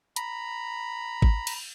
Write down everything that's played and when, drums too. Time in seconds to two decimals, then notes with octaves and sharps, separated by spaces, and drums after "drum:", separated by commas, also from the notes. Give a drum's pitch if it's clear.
0.16 A#5 B5, drum: hi-hat
1.22 drum: kick
1.47 drum: cymbal